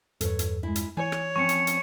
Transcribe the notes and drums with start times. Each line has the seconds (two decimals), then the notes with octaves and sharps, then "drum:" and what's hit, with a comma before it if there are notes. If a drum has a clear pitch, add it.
0.21 E2 G2 A4 B4 C#5, drum: hi-hat
0.39 drum: hi-hat
0.63 G#3 E4
0.76 drum: hi-hat
0.97 E3 C#5 G#5
1.12 drum: rim click
1.36 F3 C4 C#4 C#6 C#7
1.49 drum: hi-hat
1.67 drum: hi-hat